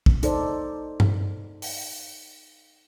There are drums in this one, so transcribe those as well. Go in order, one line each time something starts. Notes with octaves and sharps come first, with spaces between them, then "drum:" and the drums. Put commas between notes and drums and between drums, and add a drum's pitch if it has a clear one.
drum: kick
D#4 A4 C5 D5, drum: hi-hat
drum: tom G2
drum: open hi-hat